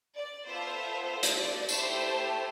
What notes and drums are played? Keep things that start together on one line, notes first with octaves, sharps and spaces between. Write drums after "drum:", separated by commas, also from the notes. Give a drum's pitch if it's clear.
D5
B3 F4 A4 C5 E5
C5
drum: hi-hat
D5
A3 E4 G4 C5 E5, drum: tambourine